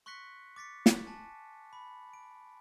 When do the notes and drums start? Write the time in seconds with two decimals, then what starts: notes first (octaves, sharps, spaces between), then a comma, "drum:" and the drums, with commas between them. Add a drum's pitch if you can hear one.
0.06 C6 C#6 F#6 A#6 B6 C#7
0.56 D6 A6 B6 C#7
0.86 drum: snare
1.07 G#5 A5
1.73 B5
2.14 D7